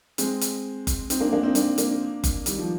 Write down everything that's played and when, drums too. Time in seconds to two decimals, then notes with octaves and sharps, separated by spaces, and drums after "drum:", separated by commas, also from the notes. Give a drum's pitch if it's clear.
0.18 G#3 C4, drum: hi-hat
0.41 drum: hi-hat
0.87 drum: kick F#1, hi-hat
1.10 C4 D#4, drum: hi-hat
1.21 A#3 D4
1.32 A#3 D4
1.43 C4 D#4
1.55 A#3 D4, drum: hi-hat
1.78 A#3 D4, drum: hi-hat
2.24 drum: kick F#1, hi-hat
2.46 D#3 G3, drum: hi-hat
2.59 F3